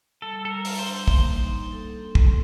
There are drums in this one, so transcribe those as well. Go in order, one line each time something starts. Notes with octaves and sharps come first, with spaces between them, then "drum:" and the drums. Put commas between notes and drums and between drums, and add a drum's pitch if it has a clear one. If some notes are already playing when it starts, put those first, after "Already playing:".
G3 A4
G3 A4
A#4
G3, drum: open hi-hat
C5
D4
A#3, drum: kick
D#4
A#3
A4
A4
A#3, drum: kick